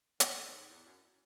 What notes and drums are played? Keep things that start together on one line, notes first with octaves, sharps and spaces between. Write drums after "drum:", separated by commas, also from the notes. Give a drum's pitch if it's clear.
D#3, drum: hi-hat
G#2
E2
F#2